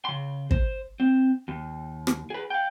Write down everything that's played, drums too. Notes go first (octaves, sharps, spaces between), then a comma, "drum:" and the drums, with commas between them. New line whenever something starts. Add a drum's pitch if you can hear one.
C#3 C6
C5, drum: kick
C4
D#2
drum: rim click
G#4 B4
F5 G5